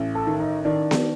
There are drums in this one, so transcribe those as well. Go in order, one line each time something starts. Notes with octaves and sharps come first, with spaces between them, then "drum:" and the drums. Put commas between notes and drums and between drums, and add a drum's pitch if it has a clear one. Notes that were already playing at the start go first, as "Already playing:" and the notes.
Already playing: A1
A4 A5
D#3
D#4 D#5
D#3 D4 D5
drum: snare B3